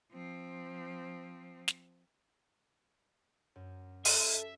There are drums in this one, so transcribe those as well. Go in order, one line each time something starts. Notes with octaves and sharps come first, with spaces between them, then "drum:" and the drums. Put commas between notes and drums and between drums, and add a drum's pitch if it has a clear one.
F3 C4
drum: snare
F#2
G4 A4 E5, drum: open hi-hat